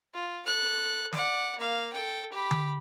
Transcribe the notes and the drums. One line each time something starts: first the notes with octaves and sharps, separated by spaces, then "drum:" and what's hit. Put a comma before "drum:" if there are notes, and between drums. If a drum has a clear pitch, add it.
F4
A4 F#6
D5 F#5, drum: snare
A#3 F5
A4 G5
G4 B5
drum: tom D3